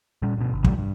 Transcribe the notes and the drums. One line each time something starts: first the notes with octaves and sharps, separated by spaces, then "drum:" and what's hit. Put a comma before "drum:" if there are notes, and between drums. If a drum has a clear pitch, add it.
A#2 G3 C#4
G2 B2
G1
C#2 F3 G3, drum: kick
G2